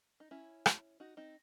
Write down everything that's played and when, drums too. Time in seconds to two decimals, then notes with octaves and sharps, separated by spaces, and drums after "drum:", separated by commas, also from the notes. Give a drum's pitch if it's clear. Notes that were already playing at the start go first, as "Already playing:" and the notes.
0.20 D#4
0.31 C#4 E4
0.66 drum: rim click
1.00 D#4 F#4
1.17 C4 D#4